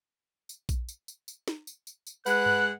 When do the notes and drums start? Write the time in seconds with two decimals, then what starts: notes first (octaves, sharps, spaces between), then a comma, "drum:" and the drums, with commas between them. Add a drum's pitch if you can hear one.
0.49 drum: tambourine
0.69 drum: kick A#1, tambourine
0.89 drum: tambourine
1.08 drum: tambourine
1.28 drum: tambourine
1.48 drum: snare
1.67 drum: tambourine
1.87 drum: tambourine
2.07 drum: tambourine
2.26 G#3 B4 F#5 F#6, drum: tambourine
2.46 drum: tom G2